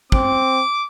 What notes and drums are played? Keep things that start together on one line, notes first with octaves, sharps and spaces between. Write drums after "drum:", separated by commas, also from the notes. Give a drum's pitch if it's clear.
C4 D6, drum: kick